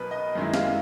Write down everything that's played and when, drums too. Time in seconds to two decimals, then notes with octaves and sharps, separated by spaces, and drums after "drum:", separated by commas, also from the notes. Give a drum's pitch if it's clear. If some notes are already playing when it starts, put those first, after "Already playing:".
Already playing: B1 B2 A#4 B4
0.11 D#5
0.35 F#2 D#3 G#3 C#4 E4
0.54 F5, drum: snare